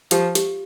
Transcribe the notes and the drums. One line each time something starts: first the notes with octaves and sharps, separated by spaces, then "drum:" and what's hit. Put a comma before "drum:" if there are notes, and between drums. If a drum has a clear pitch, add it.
F3 G4, drum: hi-hat
G4, drum: hi-hat